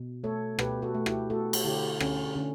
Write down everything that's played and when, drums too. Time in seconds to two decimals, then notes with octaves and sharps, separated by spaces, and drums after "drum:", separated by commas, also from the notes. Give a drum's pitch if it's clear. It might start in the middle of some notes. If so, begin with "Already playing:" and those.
Already playing: B2
0.24 A3 A4 C#5
0.59 B2 G4 B4, drum: rim click
0.82 F#4 A4
0.94 A3
1.06 E4 G4, drum: rim click
1.30 A3 F#4 A4
1.53 drum: cymbal
1.65 D3 E4 G4
2.00 D3 C#4, drum: rim click
2.35 D3 C#4